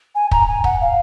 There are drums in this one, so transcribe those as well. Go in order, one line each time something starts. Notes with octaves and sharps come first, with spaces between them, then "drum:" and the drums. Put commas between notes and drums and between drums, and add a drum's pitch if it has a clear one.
G#5
A#5, drum: kick
G#5
F#5, drum: kick
F5